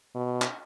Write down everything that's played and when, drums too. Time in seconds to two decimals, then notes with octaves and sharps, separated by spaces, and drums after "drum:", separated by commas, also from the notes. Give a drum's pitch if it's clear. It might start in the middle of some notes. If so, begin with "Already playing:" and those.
0.15 B2
0.42 drum: clap